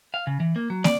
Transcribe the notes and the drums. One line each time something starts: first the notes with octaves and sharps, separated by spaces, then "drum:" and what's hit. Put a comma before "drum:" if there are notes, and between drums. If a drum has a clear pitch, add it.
F5
C#3
E3
A#3
F#3
D5, drum: snare